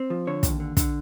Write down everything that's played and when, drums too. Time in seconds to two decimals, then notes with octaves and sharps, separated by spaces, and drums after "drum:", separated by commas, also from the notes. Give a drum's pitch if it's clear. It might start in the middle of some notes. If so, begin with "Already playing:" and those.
Already playing: C4
0.10 F3
0.27 D3 C#5
0.43 D#2, drum: kick, hi-hat
0.60 D3
0.77 D3, drum: kick, hi-hat